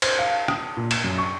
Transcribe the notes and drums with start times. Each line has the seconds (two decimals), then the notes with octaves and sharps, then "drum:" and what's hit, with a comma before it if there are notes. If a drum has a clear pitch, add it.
0.02 C5, drum: cymbal
0.19 F5
0.48 D#6, drum: rim click
0.77 A#2
0.91 E7, drum: cymbal
1.04 F#2
1.18 C#6